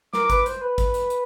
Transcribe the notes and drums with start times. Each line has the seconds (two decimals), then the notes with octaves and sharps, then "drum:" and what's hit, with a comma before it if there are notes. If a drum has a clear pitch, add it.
0.13 A#4 D6, drum: snare
0.30 B4, drum: kick, hi-hat
0.46 C5, drum: hi-hat
0.61 B4
0.78 drum: kick, hi-hat
0.94 drum: hi-hat
1.10 drum: hi-hat